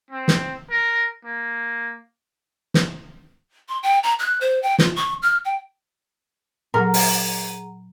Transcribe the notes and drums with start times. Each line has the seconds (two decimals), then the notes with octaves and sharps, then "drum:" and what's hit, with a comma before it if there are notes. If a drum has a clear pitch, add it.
0.11 C4
0.28 drum: snare
0.70 A#4
1.24 A#3
2.74 drum: snare
3.69 C6
3.83 G5
4.03 A#5
4.19 F#6
4.41 C5
4.63 G5
4.79 F4, drum: snare
4.96 C#6
5.22 F6
5.45 G5
6.74 A#2 F#3 G#4 A#4 F#5 A#5
6.94 drum: open hi-hat